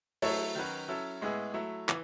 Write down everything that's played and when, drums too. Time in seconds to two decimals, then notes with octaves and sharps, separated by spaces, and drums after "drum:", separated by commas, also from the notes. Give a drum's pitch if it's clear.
0.22 F#3 A3 E4 A4 C#5, drum: open hi-hat
0.55 D#3 F#3 C#4 F#4 B4
0.88 F#3 C#4 E4 A4
1.21 A2 G#3 B3 E4 G#4
1.54 F#3 A3 E4
1.89 E3, drum: clap